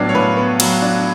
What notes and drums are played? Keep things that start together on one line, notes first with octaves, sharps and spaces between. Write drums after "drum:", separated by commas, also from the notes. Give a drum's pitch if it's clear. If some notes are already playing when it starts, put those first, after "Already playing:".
Already playing: A2 F#3 B3 D4 D5 F5
C#5
A2 B4
B3
F#3, drum: cymbal
D4